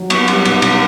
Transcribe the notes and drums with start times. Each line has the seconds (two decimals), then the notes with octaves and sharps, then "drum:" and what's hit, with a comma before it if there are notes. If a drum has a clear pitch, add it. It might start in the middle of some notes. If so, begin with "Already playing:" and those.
Already playing: F#3
0.10 B3 C#6, drum: cymbal
0.28 G3, drum: cymbal
0.45 B1, drum: cymbal
0.62 B2, drum: cymbal